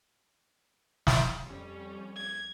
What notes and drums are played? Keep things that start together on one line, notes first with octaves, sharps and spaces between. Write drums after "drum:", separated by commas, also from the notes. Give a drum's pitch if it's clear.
drum: snare
F2 G3 C#4
G#6